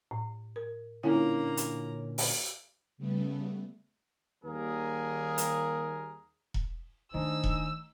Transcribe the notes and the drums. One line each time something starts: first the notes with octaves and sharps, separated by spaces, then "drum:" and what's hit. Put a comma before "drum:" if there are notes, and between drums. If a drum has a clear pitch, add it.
A2
A#4
A#2 D3 A#3 C#4 E4 A#5
drum: hi-hat
drum: open hi-hat
C#3 G3 A3 B3
D#2 D#3 G3 A#3 G#4 A#4
drum: hi-hat
drum: kick E1
D#3 A3 D4 D#4 C5 G#5 E6
drum: kick E1